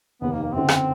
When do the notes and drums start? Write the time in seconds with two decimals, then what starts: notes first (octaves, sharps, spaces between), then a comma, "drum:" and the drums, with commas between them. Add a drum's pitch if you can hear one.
0.21 F1 D#2 D#3 B3
0.32 A#3
0.43 A#3
0.53 F#1 F#2 D3 C4
0.69 drum: rim click